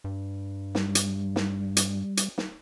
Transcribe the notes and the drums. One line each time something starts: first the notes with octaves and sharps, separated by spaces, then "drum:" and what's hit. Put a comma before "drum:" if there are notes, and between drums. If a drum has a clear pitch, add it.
G2
G3, drum: snare
drum: hi-hat
drum: snare
drum: hi-hat
drum: hi-hat
drum: snare